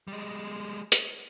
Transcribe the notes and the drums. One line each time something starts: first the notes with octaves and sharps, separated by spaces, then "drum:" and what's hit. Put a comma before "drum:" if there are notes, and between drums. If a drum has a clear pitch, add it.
G3 G#3
drum: hi-hat